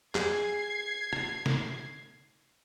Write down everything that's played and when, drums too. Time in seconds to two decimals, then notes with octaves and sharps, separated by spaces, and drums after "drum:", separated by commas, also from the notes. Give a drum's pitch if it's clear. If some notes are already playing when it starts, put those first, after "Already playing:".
0.15 G#4 G#6 C7, drum: clap
1.13 drum: rim click
1.46 drum: snare